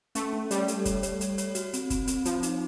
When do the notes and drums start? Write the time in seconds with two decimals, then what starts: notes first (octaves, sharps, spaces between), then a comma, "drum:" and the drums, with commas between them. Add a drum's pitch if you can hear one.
0.15 A3 C#4, drum: hi-hat
0.33 C#4
0.51 G3 C#5, drum: hi-hat
0.68 A4, drum: hi-hat
0.85 C#5, drum: kick, hi-hat
1.03 C#5, drum: hi-hat
1.21 A4, drum: hi-hat
1.38 C#5, drum: hi-hat
1.55 F#4, drum: hi-hat
1.73 C4, drum: hi-hat
1.90 C4, drum: kick, hi-hat
2.07 C4, drum: hi-hat
2.25 F3 C4, drum: hi-hat
2.43 D#4, drum: hi-hat